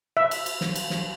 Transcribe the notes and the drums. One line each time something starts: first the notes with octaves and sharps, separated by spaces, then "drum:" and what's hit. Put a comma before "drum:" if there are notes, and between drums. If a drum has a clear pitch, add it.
E5
drum: cymbal
drum: cymbal
drum: snare
drum: cymbal
drum: snare